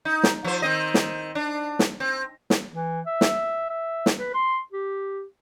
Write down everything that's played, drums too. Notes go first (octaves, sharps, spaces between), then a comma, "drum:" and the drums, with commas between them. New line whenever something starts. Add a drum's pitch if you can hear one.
D#4
drum: snare
F3 C5
D#3 C4 D#5
drum: snare
D4
drum: snare
C4
drum: snare
E3
E5
drum: snare
E5
drum: snare
B4
C6
G4